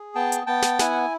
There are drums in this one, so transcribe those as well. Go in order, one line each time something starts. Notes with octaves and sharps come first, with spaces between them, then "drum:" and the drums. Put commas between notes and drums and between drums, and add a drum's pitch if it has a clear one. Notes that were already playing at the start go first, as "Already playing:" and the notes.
Already playing: G#4
B3 G5 A5
drum: hi-hat
B3 G5 A5
drum: snare
E4 F#5 G#5, drum: snare